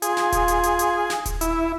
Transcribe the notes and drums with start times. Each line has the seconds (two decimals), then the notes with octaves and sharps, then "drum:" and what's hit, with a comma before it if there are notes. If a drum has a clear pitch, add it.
0.02 F4 G#4, drum: hi-hat
0.17 drum: snare
0.32 drum: kick D#1, hi-hat
0.48 drum: hi-hat
0.63 drum: hi-hat
0.79 drum: hi-hat
1.10 drum: snare
1.26 drum: kick D#1, hi-hat
1.41 E4, drum: hi-hat